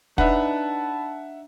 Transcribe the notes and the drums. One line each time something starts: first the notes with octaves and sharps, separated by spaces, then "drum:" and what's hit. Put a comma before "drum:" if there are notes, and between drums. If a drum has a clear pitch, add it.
D4 D#4 B4 E5 F#5 A5, drum: kick